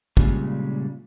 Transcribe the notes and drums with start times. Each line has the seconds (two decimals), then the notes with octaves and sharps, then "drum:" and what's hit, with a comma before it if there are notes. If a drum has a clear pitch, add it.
0.17 A#2 C#3 G3 G#3, drum: kick